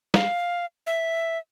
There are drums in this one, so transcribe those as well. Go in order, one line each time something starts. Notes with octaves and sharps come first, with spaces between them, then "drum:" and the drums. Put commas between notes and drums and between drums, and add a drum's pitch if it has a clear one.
F5, drum: snare
E5